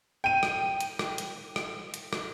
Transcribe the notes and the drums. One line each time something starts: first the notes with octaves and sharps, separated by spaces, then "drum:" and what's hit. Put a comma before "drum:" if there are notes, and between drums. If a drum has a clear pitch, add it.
G5 D#7
drum: rim click
drum: hi-hat
drum: rim click
drum: hi-hat
drum: rim click
drum: hi-hat
drum: rim click